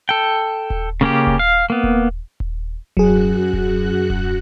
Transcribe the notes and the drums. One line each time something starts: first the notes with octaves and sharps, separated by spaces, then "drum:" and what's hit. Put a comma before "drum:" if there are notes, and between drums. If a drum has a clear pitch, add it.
A4 G5
drum: kick D#1
C#3 A#3 C#4 G4
drum: kick D#1
F5
A#3 B3
drum: kick D#1
drum: kick D#1
F#2 F#3 F#4 G#4 F#6, drum: kick D#1
drum: kick D#1
drum: kick D#1